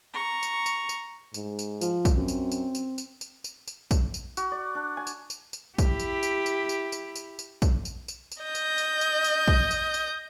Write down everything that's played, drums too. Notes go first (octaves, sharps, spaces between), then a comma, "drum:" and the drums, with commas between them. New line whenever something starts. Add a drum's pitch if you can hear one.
A#5 C#6
drum: tambourine
drum: tambourine
drum: tambourine
G#2, drum: tambourine
drum: tambourine
F3, drum: tambourine
drum: kick, tambourine
F#2 C4
drum: tambourine
drum: tambourine
drum: tambourine
drum: tambourine
drum: tambourine
drum: tambourine
drum: tambourine
drum: kick, tambourine
drum: tambourine
F#4, drum: tambourine
D5
D4
G#5
drum: tambourine
drum: tambourine
drum: tambourine
E4 G4, drum: kick, tambourine
drum: tambourine
drum: tambourine
drum: tambourine
drum: tambourine
drum: tambourine
drum: tambourine
drum: tambourine
drum: kick, tambourine
drum: tambourine
drum: tambourine
drum: tambourine
D#5 G6
drum: tambourine
drum: tambourine
drum: tambourine
drum: tambourine
drum: kick
drum: tambourine
drum: tambourine